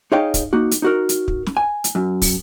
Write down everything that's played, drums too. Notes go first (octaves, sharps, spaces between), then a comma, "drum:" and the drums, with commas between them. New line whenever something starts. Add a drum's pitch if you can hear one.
D#4 G#4 C#5 D#5 F5 G5
drum: kick, hi-hat
A#3 D#4 F#4
drum: hi-hat
D#4 F#4 A#4
drum: hi-hat
drum: kick
drum: snare
G#5
drum: hi-hat
F#2
drum: kick, open hi-hat